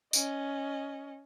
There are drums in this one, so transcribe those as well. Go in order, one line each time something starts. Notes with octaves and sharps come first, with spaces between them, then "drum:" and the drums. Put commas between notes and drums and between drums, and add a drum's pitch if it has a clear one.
C#4 D#5, drum: tambourine